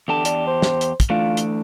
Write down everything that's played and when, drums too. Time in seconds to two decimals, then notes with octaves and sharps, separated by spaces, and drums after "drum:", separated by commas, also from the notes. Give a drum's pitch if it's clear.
0.08 E2 D3 G4 A5
0.25 D4, drum: hi-hat
0.47 C5
0.62 drum: snare
0.81 drum: hi-hat
1.00 drum: kick, hi-hat
1.10 E3 A3 D4 F4
1.37 drum: hi-hat